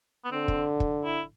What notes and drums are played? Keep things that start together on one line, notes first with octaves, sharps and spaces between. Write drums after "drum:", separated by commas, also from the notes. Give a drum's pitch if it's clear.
B3
D3 C4
drum: kick
drum: kick
E4